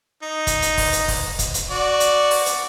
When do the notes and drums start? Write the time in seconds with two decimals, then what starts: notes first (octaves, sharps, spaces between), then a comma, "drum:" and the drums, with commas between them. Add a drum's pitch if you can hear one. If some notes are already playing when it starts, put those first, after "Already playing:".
0.23 D#4
0.47 drum: kick, hi-hat
0.62 drum: hi-hat
0.77 drum: kick, open hi-hat
0.93 drum: hi-hat
1.08 drum: kick, open hi-hat
1.39 drum: kick, hi-hat
1.54 drum: hi-hat
1.69 F#4 D5
2.00 drum: hi-hat
2.31 drum: open hi-hat
2.46 drum: hi-hat